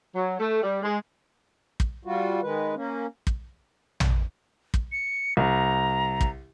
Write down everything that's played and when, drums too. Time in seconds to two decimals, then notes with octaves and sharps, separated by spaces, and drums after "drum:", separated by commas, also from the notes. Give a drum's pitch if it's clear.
0.14 F#3
0.40 A3
0.62 G3
0.82 G#3
1.80 drum: kick
2.05 G3 F4 F#4
2.42 D#3 G#3 B4
2.75 A#3 C#4
3.27 drum: kick
4.00 drum: tom
4.74 drum: kick
4.92 C#7
5.37 C2 A#5
6.21 drum: kick